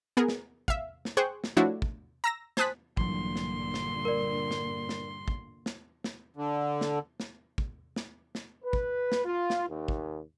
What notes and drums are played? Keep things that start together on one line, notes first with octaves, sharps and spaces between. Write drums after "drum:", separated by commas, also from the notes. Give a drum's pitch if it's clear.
B3 G#4 A#4
drum: snare
E5 F5, drum: kick
drum: snare
G#4 C5 G5 C#6 F#6
drum: snare
F3 A3 D4 E4 F#4 C#5
drum: kick
A#5 E6 A#6
C5 G#5 A5 D#6 F#6 B6, drum: snare
A#1 G2 A#2 D3 E3 F#3 C6, drum: kick
drum: snare
drum: snare
A#4 D5
drum: snare
drum: snare
drum: kick
drum: snare
drum: snare
D3
drum: snare
drum: snare
drum: kick
drum: snare
drum: snare
B4
drum: kick
drum: snare
F4
drum: snare
D#2
drum: kick